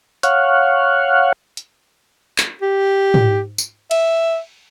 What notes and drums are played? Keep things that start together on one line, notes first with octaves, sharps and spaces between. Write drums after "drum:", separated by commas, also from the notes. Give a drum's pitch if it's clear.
C#5 F5 F#5, drum: hi-hat
drum: hi-hat
drum: clap
G4
drum: tom
drum: tambourine
E5, drum: cymbal